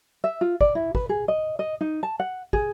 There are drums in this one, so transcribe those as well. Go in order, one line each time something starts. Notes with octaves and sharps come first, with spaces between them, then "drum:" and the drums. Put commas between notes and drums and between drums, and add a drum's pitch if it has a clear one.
E5
F4
D5, drum: kick
E4
B4, drum: kick
G#4
D#5
D#5
D#4
A5
F#5
G#4, drum: kick